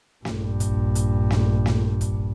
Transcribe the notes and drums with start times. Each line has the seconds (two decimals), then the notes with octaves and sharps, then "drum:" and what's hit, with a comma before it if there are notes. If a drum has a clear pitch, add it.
0.25 A#1 G2, drum: snare
0.60 drum: kick, hi-hat
0.95 drum: hi-hat
1.30 drum: snare
1.66 drum: snare
2.01 drum: kick, hi-hat